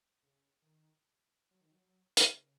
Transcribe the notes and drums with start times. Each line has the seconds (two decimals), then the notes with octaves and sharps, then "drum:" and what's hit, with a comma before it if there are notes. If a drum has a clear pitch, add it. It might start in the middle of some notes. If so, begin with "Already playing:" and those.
0.23 C#3
0.62 D#3
1.51 F#3
1.61 D#3
1.72 F#3
2.17 C#3, drum: hi-hat